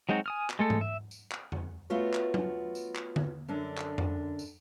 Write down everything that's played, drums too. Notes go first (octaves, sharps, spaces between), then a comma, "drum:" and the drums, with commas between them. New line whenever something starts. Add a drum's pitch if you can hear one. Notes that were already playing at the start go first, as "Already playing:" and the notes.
F#3 G#3 C4 D#4 F#4
G#5 D#6 F6
drum: clap
G#3 A3 A4
drum: tom G#2
E5
drum: tambourine
drum: clap
drum: tom F2
A3 B3 F4 F#4 C#5
drum: clap
drum: tom F#3
drum: tambourine
drum: clap
drum: tom D3
F#2 D3 D4
drum: clap
drum: tom F2
drum: tambourine